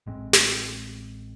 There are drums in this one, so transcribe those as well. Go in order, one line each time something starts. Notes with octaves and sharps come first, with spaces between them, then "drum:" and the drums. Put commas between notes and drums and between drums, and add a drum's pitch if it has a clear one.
A1 G#3 C4
drum: snare